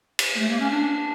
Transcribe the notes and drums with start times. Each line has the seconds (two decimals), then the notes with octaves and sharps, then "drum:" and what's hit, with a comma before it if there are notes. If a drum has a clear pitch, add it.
0.19 drum: cymbal
0.35 A#3
0.39 A3
0.50 A#3
0.60 C#4
0.71 D4